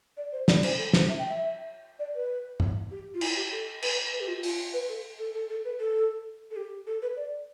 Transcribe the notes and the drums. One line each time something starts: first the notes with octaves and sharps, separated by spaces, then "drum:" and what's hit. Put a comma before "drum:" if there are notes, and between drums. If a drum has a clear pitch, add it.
D5
C5
D5, drum: snare
C5, drum: cymbal
A4
C5, drum: snare
E5
G5
E5
D5
B4
drum: tom G2
G4
F4
E4, drum: cymbal
G4
A4
B4, drum: cymbal
B4
G4
F4
F4, drum: open hi-hat
B4
A4
A4
A4
A4
B4
A4
A4
G4
A4
B4
D5